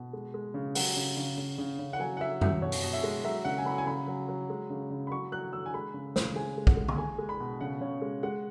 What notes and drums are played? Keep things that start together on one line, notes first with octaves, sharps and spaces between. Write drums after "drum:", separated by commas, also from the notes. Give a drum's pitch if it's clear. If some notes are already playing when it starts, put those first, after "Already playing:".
Already playing: B2
G#3
G#3
C#3
F#3 F#5, drum: open hi-hat
C#3
C#3
C#3
C#3
C#3
F#5
F#3 G#5
F#5
F#3 E5
F#3 E5, drum: tom F#2
B2 C#5
drum: open hi-hat
B2
E5
G#3
F#3 E5
C#3 F#5
G#5
F#3 B5
G#5
C#3 B5
F#3
F#3
G#3
C#3
C#3
B5
F#3 C#6
F#3 F#6
F#3 E6
G#5
G#3 B5
C#3
C#3, drum: snare
G#3 G#5
G#3
F#5, drum: kick
G#3
drum: tom
G#3 G#5
G#3
B5
B2
C#3 F#5
C#3 C#5
G#3
G#3 F#5